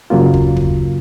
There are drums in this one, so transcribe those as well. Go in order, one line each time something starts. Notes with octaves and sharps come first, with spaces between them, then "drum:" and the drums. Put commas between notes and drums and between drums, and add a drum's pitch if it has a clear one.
F#2 C#3 F#3 A#3 F4
drum: kick
drum: kick